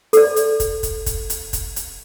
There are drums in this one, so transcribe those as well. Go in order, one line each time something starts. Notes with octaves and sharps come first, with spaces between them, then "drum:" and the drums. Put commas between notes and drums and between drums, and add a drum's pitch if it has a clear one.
A4 D5, drum: hi-hat
drum: hi-hat
drum: kick, hi-hat
drum: kick, hi-hat
drum: kick, hi-hat
drum: hi-hat
drum: kick, hi-hat
drum: hi-hat